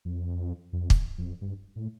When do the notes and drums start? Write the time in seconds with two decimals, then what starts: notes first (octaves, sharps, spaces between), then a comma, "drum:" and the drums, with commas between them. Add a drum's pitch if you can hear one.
0.05 F2
0.73 F2
0.90 drum: kick
1.18 F2
1.41 G2
1.76 A2